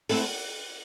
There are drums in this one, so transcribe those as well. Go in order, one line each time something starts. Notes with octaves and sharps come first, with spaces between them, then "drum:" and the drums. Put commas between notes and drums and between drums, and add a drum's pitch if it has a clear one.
A3 C4 E4 A4, drum: open hi-hat